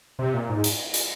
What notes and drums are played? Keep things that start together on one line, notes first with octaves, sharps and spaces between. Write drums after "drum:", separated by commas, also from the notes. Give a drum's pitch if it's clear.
C3
A#2
G#2
drum: hi-hat
drum: hi-hat